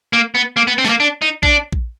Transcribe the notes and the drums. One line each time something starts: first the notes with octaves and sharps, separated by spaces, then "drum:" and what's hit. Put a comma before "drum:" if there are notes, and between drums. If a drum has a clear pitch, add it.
A#3
B3
A#3
B3
C4
A3, drum: snare
A#3
D4
D#4
D4, drum: kick A#1
drum: kick A#1